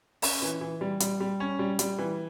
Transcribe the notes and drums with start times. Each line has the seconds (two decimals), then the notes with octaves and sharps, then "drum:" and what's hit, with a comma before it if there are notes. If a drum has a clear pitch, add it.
0.22 C#4, drum: open hi-hat
0.42 E3
0.61 E3
0.81 G3
1.00 G3, drum: hi-hat
1.20 G3
1.40 C#4
1.59 G3
1.79 G3, drum: hi-hat
1.98 E3